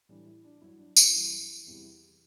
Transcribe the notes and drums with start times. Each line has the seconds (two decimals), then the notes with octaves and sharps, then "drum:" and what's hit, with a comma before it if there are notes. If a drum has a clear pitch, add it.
0.09 A2 E3 G3 D4
0.26 E4
0.44 D4
0.62 G2 F#3 E4
0.79 D4
0.97 E4, drum: tambourine
1.14 F#2 E3 G3
1.66 E2 C3 E3 G3